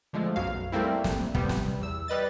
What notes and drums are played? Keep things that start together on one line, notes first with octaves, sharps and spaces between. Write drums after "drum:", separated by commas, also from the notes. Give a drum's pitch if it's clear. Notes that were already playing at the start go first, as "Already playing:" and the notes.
D3 F3 G#3 A3
B1 F#2 F#3 F5
G3 A3 A#3 C4 E4
drum: snare
C3 G3 B3, drum: kick
drum: snare
E2 E6
G3 B4 D#5 A6